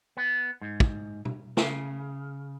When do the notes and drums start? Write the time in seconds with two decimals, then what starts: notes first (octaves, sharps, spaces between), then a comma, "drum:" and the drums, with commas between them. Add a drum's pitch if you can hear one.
0.17 B3
0.61 G#2
0.80 drum: kick
1.25 drum: tom
1.57 C#3, drum: snare